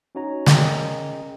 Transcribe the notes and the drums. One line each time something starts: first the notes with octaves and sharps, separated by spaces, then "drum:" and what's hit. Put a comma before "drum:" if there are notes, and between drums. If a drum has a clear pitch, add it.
C#4 D#4 F#4 C#5 A#5
C#4 G#4 A#4 D#5 G5 A#5, drum: snare